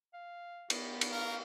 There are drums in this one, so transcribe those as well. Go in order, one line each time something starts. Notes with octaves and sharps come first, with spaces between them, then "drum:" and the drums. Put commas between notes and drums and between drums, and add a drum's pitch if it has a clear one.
F5
B3, drum: cymbal
drum: cymbal
A#4 F5